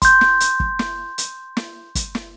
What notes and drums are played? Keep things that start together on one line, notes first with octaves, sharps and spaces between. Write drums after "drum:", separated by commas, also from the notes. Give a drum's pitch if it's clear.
C6 G6, drum: kick, hi-hat
drum: snare
drum: hi-hat
drum: kick
drum: snare
drum: hi-hat
drum: snare
drum: kick, hi-hat
drum: snare